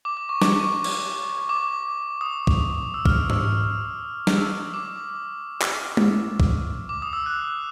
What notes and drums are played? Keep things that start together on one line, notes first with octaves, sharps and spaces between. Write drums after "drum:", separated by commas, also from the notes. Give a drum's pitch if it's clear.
D6
D6
C#6
D6, drum: snare
C#6
drum: cymbal
D6
D#6
drum: kick
E6
F6, drum: kick
E6, drum: tom G#2
drum: snare
E6
D6
drum: clap
drum: tom G#3
drum: kick
D6
D#6
E6
F#6